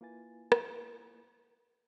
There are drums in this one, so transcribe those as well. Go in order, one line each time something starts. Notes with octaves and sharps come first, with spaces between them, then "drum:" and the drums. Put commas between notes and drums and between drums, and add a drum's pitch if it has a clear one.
A#3 E4 F4 B4 G#5 A6
drum: rim click